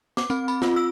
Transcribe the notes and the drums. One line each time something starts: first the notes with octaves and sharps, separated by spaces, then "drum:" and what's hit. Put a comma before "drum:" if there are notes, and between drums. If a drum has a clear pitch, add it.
D6, drum: snare
C4, drum: tambourine
B5, drum: tambourine
F4, drum: snare
E6